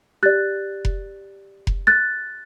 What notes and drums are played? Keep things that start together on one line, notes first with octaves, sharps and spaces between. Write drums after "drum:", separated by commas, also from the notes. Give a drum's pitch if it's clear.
G4 D5 F#6 A6
drum: kick F1
drum: kick F1
F#6 A6